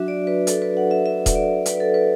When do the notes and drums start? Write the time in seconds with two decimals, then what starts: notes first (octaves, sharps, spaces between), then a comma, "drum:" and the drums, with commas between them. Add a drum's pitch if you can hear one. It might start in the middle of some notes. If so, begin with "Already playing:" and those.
Already playing: F#3 D4 F#4 E5
0.08 D5
0.27 B4
0.47 A4, drum: hi-hat
0.62 B4
0.77 F#5
0.91 E5
1.06 E5
1.26 drum: kick D#1, hi-hat
1.35 D5
1.66 B4, drum: hi-hat
1.80 A4
1.94 B4